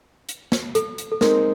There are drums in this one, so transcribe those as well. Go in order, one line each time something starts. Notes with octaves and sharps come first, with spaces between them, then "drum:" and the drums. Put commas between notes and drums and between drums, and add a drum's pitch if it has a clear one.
drum: hi-hat
drum: snare
A4, drum: hi-hat
drum: hi-hat
A4
G#3 C4 D#4 A#4, drum: snare